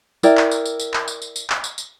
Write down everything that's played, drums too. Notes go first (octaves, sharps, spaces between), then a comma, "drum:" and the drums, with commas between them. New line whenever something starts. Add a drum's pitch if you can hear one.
E4 A#4 D5 G5, drum: tambourine
drum: clap
drum: tambourine
drum: tambourine
drum: tambourine
drum: clap
drum: tambourine
drum: tambourine
drum: tambourine
drum: clap
drum: tambourine
drum: tambourine